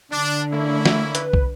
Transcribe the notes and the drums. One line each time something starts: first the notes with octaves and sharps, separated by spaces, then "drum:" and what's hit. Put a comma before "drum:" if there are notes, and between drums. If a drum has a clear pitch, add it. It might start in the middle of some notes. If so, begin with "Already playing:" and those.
D3 D4
A3 A#3 C#4 E4
drum: snare
B4, drum: hi-hat
drum: kick